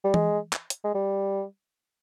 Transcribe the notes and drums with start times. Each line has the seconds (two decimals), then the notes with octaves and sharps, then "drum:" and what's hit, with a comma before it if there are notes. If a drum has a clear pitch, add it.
0.04 G3
0.14 G#3, drum: tom E3
0.53 drum: clap
0.70 drum: hi-hat
0.84 G#3
0.95 G3